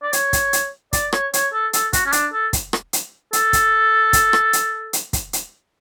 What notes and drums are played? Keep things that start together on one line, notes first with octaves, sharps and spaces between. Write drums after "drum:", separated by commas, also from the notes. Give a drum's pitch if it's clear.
D5
C#5, drum: hi-hat
drum: kick, hi-hat
drum: hi-hat
D5, drum: kick, hi-hat
C#5, drum: rim click
C#5, drum: hi-hat
A4
A4, drum: hi-hat
F#4, drum: kick, hi-hat
C#4
D4, drum: hi-hat
A4
drum: kick, hi-hat
drum: rim click
drum: hi-hat
A4, drum: hi-hat
drum: kick, hi-hat
drum: kick, hi-hat
drum: rim click
drum: hi-hat
drum: hi-hat
drum: kick, hi-hat
drum: hi-hat